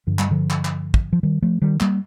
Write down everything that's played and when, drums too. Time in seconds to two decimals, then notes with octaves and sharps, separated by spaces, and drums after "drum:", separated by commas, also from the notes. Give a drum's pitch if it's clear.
0.07 G2 D3 F3
0.19 G3, drum: clap
0.31 D3 F3
0.50 drum: clap
0.65 drum: clap
0.94 drum: kick
1.13 F3
1.23 D#3 G3
1.42 F3 A3
1.62 D#3 G3
1.80 G3 A#3, drum: clap